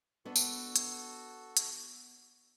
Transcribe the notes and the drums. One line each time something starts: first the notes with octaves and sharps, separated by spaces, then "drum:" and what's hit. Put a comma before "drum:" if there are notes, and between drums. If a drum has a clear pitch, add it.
B3 D4 F#4 A4
drum: tambourine
drum: hi-hat
drum: hi-hat